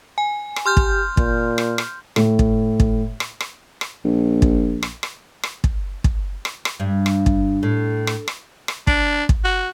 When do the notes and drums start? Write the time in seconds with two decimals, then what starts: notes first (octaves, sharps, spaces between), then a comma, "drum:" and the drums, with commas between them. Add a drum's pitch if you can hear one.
0.18 G#5
0.56 drum: rim click
0.66 G4 C6 F6 G6
0.77 drum: kick
1.17 A#2, drum: kick
1.58 drum: rim click
1.78 drum: rim click
2.16 A2, drum: rim click
2.39 drum: kick
2.80 drum: kick
3.20 drum: rim click
3.40 drum: rim click
3.81 drum: rim click
4.04 A#1
4.42 drum: kick
4.83 drum: rim click
5.03 drum: rim click
5.43 drum: rim click
5.64 drum: kick
6.04 drum: kick
6.45 drum: rim click
6.65 drum: rim click
6.80 G2
7.06 drum: rim click
7.26 drum: kick
7.63 A2
8.07 drum: rim click
8.28 drum: rim click
8.68 drum: rim click
8.87 D4, drum: kick
9.29 drum: kick
9.44 F#4